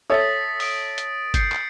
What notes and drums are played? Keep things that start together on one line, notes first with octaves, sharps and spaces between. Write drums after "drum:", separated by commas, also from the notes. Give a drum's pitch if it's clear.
A4 C#5 E5 D#6 A6 B6
D#6 D7, drum: open hi-hat
drum: hi-hat
G6 C7 C#7, drum: kick G#1, hi-hat
drum: clap